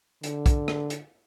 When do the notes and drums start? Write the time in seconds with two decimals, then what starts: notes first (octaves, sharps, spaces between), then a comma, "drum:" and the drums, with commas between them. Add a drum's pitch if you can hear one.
0.23 D3, drum: hi-hat
0.46 drum: kick, hi-hat
0.68 drum: rim click
0.90 drum: hi-hat